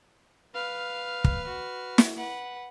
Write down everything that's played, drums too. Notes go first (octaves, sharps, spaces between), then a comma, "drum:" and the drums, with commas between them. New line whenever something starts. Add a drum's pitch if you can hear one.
B4 F5 F6
drum: kick
F#4
drum: snare
B4 F#5